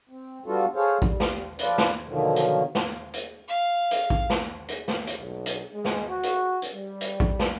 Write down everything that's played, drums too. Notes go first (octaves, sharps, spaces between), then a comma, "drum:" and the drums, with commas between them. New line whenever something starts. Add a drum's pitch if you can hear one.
C4
G3 B3 D4 F4 F#4 A4
G#4 A4 C5 C#5 F5
G3, drum: kick A#1
drum: snare
F3 F4 B4 D5, drum: hi-hat
drum: snare
B2 D3 D#3 F3 F#3
drum: hi-hat
drum: snare
drum: hi-hat
F5
drum: hi-hat
drum: kick A#1
drum: snare
drum: hi-hat
drum: snare
drum: hi-hat
B1
drum: hi-hat
G#3
drum: snare
F#4
drum: hi-hat
drum: hi-hat
G3
drum: hi-hat
drum: kick A#1
drum: snare